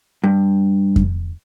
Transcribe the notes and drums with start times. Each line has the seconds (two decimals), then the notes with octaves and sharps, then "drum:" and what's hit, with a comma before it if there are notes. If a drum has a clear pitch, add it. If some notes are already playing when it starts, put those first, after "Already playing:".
0.24 G2
0.96 drum: kick F2